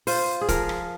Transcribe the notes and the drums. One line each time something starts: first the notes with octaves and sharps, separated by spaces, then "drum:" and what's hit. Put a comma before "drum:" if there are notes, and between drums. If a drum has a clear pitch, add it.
F4 C5, drum: open hi-hat
G#4
F3 A#4, drum: kick, hi-hat
drum: rim click